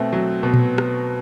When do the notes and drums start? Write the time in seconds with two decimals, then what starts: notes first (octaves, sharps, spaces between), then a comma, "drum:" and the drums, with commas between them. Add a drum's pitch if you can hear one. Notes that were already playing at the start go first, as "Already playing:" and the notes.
Already playing: B2 A3 C4
0.13 F#3
0.43 B2
0.54 drum: tom A#2
0.78 drum: rim click